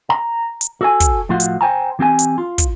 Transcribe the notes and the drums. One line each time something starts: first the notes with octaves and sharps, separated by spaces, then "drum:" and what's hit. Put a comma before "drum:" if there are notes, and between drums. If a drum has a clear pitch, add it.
A#5
drum: hi-hat
F#4 A4 G#5
drum: kick, hi-hat
A2 F3 F4 F#4
drum: hi-hat
C5 G5 G#5 A#5
E3 C4 G4 G#5
drum: hi-hat
F4
drum: kick, hi-hat